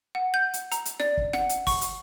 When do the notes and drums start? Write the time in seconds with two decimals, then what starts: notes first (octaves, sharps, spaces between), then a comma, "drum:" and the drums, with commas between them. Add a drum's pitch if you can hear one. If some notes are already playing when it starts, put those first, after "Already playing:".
0.15 F#5
0.34 G6
0.54 drum: hi-hat
0.72 A#5, drum: hi-hat
0.85 drum: hi-hat
1.00 D5, drum: snare
1.17 drum: kick
1.33 F#5, drum: snare
1.49 drum: hi-hat
1.67 C#6, drum: kick, open hi-hat
1.81 drum: hi-hat